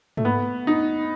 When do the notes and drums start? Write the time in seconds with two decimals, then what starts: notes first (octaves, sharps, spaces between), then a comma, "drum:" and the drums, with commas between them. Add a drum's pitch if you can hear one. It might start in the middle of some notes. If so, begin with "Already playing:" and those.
0.17 A3, drum: tom G#2
0.25 B3
0.67 D#4